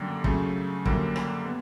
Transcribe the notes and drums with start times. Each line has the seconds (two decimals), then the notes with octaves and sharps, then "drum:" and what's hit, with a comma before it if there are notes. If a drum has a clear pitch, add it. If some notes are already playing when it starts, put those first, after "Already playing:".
Already playing: F#2 D3 G3 A#3
0.24 C#3 F#3 A3, drum: kick
0.85 F#2 D3 G3 A#3, drum: kick
1.16 drum: rim click
1.45 B3